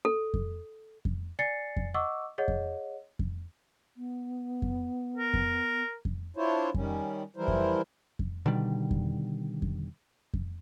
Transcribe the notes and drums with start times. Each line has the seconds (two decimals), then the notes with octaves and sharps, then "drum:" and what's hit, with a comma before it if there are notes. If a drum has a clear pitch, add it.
0.05 A4
0.34 drum: kick F2
1.05 drum: kick F2
1.39 D5 G#5 A6 C7 C#7
1.76 drum: kick F2
1.94 D#5 F#5 C#6 D6 E6
2.38 G#4 C#5 D#5 F#5
2.48 drum: kick F2
3.19 drum: kick F2
3.96 B3
4.62 drum: kick F2
5.16 A#4
5.34 drum: kick F2
6.05 drum: kick F2
6.37 D4 E4 F4 C5 C#5
6.74 D#3 G3 C#4, drum: kick F2
7.36 E3 F3 G3 E4 A#4 C5
7.48 drum: kick F2
8.19 drum: kick F2
8.46 B2 D3 D#3 G3
8.91 drum: kick F2
9.62 drum: kick F2
10.34 drum: kick F2